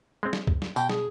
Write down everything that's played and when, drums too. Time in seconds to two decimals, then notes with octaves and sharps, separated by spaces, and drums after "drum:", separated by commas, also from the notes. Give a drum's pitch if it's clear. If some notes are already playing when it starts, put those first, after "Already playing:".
0.23 G#3 C4
0.33 drum: snare
0.47 drum: kick C2
0.62 drum: snare
0.76 B2 G5, drum: tambourine
0.89 G#4, drum: snare